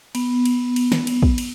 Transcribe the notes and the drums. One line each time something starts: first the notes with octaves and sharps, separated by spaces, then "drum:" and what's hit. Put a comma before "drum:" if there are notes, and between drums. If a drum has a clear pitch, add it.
B3, drum: cymbal
drum: cymbal
drum: cymbal
drum: snare
drum: cymbal
drum: kick
drum: cymbal